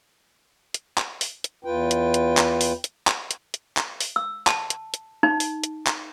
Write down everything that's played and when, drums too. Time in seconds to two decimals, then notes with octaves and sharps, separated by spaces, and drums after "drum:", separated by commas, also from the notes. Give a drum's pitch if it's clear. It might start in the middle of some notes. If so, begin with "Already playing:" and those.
0.74 drum: hi-hat
0.98 drum: clap
1.21 drum: open hi-hat
1.44 drum: hi-hat
1.65 E2 F4 B4 G5
1.91 drum: hi-hat
2.14 drum: hi-hat
2.37 drum: clap
2.61 drum: open hi-hat
2.84 drum: hi-hat
3.07 drum: clap
3.31 drum: hi-hat
3.54 drum: hi-hat
3.77 drum: clap
4.00 drum: open hi-hat
4.16 E6
4.47 A5, drum: clap
4.70 drum: hi-hat
4.94 drum: hi-hat
5.23 D#4
5.40 drum: open hi-hat
5.64 drum: hi-hat
5.87 drum: clap